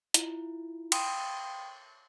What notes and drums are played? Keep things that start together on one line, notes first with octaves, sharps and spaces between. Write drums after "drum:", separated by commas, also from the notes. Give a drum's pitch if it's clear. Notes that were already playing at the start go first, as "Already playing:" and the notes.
E4 F4, drum: hi-hat
F5 G5 B5 C6 D#6, drum: cymbal